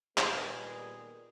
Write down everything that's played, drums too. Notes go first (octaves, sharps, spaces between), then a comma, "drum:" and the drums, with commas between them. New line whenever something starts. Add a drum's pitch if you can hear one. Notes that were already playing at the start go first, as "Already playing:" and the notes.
A#2 D#3 G3 B3 G#4, drum: clap